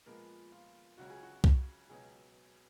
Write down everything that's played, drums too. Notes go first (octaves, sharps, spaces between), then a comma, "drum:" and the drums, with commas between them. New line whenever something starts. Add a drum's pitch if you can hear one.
A#2 F3 G#3 B3 A#4
F4
C#2 C#3 F#3 F#4
G#4
F#4
drum: kick C2
C#2 B2 F#3 G#4